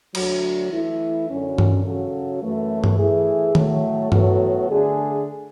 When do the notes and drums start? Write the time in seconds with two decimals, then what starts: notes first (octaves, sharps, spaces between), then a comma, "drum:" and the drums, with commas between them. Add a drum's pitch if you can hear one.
0.15 D2 D3 F#3, drum: cymbal
0.71 E3 A3 E4
1.29 F#2 D3 F#3 C#4
1.58 drum: tom G2
1.84 C#3 F#3 C#4 F#4 A4
2.41 F#2 E3 A3
2.84 drum: tom G2
2.98 E3 A3 E4 G#4
3.55 A2 F#3 A3, drum: tom D#3
4.12 A2 F#3 B3 F#4 A4, drum: tom G2
4.69 D3 A3 D4 G#4